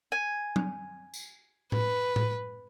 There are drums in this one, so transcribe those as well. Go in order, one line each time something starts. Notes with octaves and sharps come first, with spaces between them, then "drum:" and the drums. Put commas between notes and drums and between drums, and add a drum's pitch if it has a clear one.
G#5
drum: tom F#3
drum: tambourine
B4, drum: tom A2
drum: tom A2